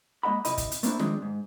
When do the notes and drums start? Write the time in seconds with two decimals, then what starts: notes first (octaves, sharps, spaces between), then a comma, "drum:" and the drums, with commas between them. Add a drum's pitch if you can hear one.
0.23 G#3 A#3 D#4 D#5 F#5 B5
0.45 C3 E4 D#5 B5, drum: hi-hat
0.58 drum: kick, hi-hat
0.71 drum: hi-hat
0.83 A3 A#3 C4 D4 E4, drum: hi-hat
0.99 D#3 F3 G#3 C4 D4, drum: snare
1.22 G#2